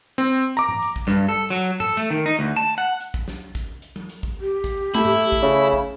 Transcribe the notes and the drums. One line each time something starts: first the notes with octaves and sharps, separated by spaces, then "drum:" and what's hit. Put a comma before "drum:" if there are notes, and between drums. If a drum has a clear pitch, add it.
C4
A#5 D6, drum: hi-hat
drum: tom G#2
drum: hi-hat
drum: kick A1
G2, drum: snare
A4
F#3
drum: hi-hat
A4, drum: tom G#2
A3
D#3
D#4
D2
A5
F#5
drum: hi-hat
drum: kick A1
drum: snare
drum: kick A1, hi-hat
drum: hi-hat
drum: tom F#3
drum: hi-hat
drum: kick A1
G4
drum: kick A1, hi-hat
A3 E4
drum: tom G#2
drum: hi-hat
drum: kick A1
C#3
drum: kick A1